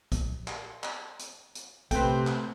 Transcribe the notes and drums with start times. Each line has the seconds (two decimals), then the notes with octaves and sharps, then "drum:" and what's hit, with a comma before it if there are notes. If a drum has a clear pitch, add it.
0.12 drum: kick, hi-hat
0.48 drum: clap
0.83 drum: clap
1.19 drum: hi-hat
1.55 drum: hi-hat
1.91 C3 A3 C4 B4 C5 G5, drum: kick, hi-hat
2.27 drum: clap